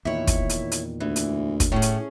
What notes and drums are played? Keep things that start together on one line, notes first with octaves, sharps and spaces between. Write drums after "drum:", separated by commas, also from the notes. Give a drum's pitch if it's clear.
E2 A#2 D#3 E4 C#5
drum: kick, hi-hat
drum: hi-hat
drum: hi-hat
D2 E3
drum: hi-hat
drum: kick, hi-hat
A2 C#4 G#4
drum: hi-hat